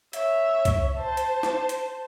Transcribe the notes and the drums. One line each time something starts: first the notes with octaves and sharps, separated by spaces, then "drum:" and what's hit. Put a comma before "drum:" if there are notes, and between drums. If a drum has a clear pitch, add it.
C#5 E5, drum: hi-hat
drum: kick C2, hi-hat
C5 A5
drum: hi-hat
drum: snare
drum: hi-hat